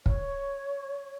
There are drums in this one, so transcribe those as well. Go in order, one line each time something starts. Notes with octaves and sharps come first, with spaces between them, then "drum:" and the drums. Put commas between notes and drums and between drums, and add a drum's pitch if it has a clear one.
C#5, drum: kick